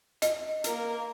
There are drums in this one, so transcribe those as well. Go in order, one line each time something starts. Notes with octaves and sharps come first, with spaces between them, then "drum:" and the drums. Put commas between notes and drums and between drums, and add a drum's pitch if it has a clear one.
D#5, drum: hi-hat
A#3 A#4, drum: hi-hat